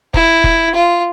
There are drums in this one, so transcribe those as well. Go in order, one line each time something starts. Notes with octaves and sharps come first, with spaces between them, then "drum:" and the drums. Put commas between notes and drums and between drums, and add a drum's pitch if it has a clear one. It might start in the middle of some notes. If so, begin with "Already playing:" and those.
E4, drum: kick F1
drum: kick F1
F4